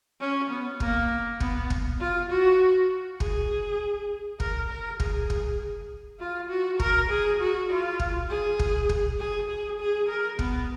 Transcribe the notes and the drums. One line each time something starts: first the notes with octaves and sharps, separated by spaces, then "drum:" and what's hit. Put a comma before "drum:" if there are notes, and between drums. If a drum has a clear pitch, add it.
C#4
B3
A#3, drum: kick
B3, drum: kick
drum: kick
F4
F#4
G#4, drum: kick
A#4, drum: kick
A#4
G#4, drum: kick
drum: kick
F4
F#4
A#4, drum: kick
G#4
F#4
F4
drum: kick
G#4
drum: kick
drum: kick
G#4
G#4
G#4
A#4
B3, drum: kick